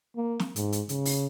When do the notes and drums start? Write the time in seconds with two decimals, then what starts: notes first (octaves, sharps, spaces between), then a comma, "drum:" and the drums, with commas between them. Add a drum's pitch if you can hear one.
0.16 A#3
0.40 drum: snare
0.56 G#2, drum: hi-hat
0.72 drum: hi-hat
0.89 C#3, drum: hi-hat
1.05 drum: open hi-hat